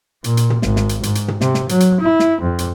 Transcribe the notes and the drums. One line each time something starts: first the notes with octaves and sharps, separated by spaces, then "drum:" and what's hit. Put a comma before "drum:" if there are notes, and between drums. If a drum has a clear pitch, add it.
A#2, drum: hi-hat
drum: hi-hat
drum: tom
G#1, drum: snare
drum: snare
drum: hi-hat
G#2, drum: hi-hat
drum: hi-hat
drum: tom
C3, drum: snare
drum: snare
F#3, drum: hi-hat
drum: hi-hat
E4
drum: snare
F2
drum: hi-hat